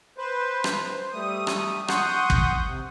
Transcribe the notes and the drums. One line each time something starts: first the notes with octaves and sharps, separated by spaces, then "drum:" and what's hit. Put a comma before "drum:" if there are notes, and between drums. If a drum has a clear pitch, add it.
B4 C5
drum: rim click
C5
G3 A3 D#6
drum: rim click
F#5 C6 C#6 D#6 G6, drum: rim click
drum: kick
C3